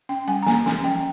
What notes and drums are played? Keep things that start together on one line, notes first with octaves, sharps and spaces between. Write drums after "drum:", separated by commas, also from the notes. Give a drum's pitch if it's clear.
C#4 G5
G3 G#5
A#5
A#3 G#5, drum: snare
C#4, drum: snare
F3 G5